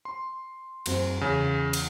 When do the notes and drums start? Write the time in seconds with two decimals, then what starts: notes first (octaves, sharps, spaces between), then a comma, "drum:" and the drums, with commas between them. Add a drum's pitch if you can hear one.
0.05 C6
0.86 F#2 C4 G#4, drum: cymbal
1.21 E2 C#3
1.73 drum: cymbal